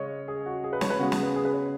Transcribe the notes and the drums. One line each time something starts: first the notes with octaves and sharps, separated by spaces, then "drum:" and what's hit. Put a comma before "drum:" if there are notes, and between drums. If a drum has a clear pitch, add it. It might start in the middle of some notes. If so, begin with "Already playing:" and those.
Already playing: C#3 G#3 C#4 G#4 C#5 D#5
G#4
F#4
G#4
B4
C#5, drum: snare
B4
C#3 G#3 B3 F#4
G#4, drum: snare
B4
G#4
B4
C#5